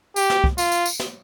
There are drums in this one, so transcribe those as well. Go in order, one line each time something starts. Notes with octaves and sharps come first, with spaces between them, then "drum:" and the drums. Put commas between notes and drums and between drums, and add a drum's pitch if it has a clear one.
G4, drum: tambourine
drum: snare
drum: kick
F4, drum: tambourine
drum: tambourine
drum: tambourine
drum: snare